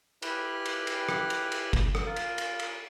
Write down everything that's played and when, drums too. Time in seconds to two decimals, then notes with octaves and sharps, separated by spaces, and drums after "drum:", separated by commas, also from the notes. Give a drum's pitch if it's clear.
0.22 E4 G4 B4 G5 F6 F#6, drum: cymbal
0.65 drum: cymbal
0.87 drum: cymbal
1.09 drum: rim click
1.30 drum: cymbal
1.52 drum: cymbal
1.73 drum: kick G1, cymbal
1.95 drum: rim click
2.06 F4 A#4
2.16 drum: cymbal
2.38 drum: cymbal
2.59 drum: cymbal